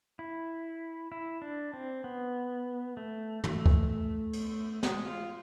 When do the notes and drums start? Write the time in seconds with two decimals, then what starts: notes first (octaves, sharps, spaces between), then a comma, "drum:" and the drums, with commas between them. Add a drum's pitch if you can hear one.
0.19 E4
1.12 E4
1.42 D4
1.74 C4
2.04 B3
2.97 A3
3.44 A3, drum: tom
3.66 drum: kick C#2
4.33 drum: cymbal
4.83 G#3, drum: snare
5.05 F4